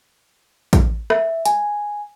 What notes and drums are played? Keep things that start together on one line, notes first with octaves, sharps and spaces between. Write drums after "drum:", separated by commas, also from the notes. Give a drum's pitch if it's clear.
drum: kick A1, hi-hat
E5, drum: rim click
G#5, drum: hi-hat